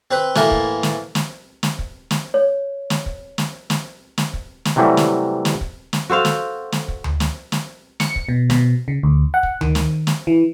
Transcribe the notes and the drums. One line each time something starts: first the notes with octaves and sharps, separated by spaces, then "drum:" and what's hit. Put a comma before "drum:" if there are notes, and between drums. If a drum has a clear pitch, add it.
C4 B4
A2 E3 A3 A#3, drum: snare
drum: kick
drum: snare
drum: snare
drum: snare
drum: kick
drum: snare
C#5
drum: snare
drum: kick
drum: snare
drum: snare
drum: snare
drum: kick
drum: snare
C3 E3 F#3 G3 A3
drum: snare
drum: snare
drum: kick
drum: snare
F#4 A4 C5 F5
drum: snare
drum: snare
drum: kick
drum: tom D2
drum: snare
drum: snare
C#7, drum: snare
drum: kick
B2
B2, drum: snare
C#3
D2
F#5
drum: kick
D#3, drum: tom D2
drum: snare
drum: snare
E3